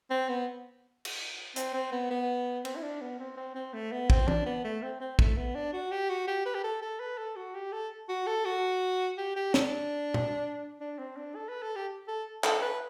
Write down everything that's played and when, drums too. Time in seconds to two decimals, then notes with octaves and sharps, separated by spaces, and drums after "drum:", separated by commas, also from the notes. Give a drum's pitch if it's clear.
0.11 C4
0.29 B3
1.05 drum: cymbal
1.56 C4, drum: hi-hat
1.74 C4
1.92 B3
2.10 B3
2.65 C4, drum: cymbal
2.76 E4
2.83 D4
3.01 B3
3.19 C4
3.37 C4
3.55 C4
3.73 A3
3.92 B3
4.10 C4, drum: kick
4.28 D4, drum: tom E3
4.46 B3
4.64 A3
4.82 C4
5.01 C4
5.19 A3, drum: kick
5.37 B3
5.55 D4
5.73 F#4
5.91 G4
6.10 F#4
6.27 G4
6.46 B4
6.55 G4
6.64 A4
6.82 A4
7.00 B4
7.18 A4
7.36 F#4
7.55 G4
7.72 A4
8.09 F#4
8.27 A4
8.45 F#4
9.18 G4
9.36 G4
9.54 D4, drum: snare
10.14 drum: tom A#2
10.80 D4
10.99 C4
11.17 D4
11.36 A4
11.49 B4
11.63 A4
11.76 G4
12.08 A4
12.44 A4, drum: clap
12.62 B4